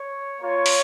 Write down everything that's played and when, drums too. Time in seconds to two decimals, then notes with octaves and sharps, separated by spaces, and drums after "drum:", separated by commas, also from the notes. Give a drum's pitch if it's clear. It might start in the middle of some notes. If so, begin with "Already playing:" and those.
Already playing: C#5
0.41 A#3 F4 C#5
0.66 drum: open hi-hat